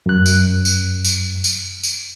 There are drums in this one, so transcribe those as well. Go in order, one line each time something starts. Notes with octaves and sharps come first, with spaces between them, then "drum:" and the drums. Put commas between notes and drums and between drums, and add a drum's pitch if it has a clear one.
F#2 F#6
drum: tambourine
drum: tambourine
drum: tambourine
drum: tambourine
drum: tambourine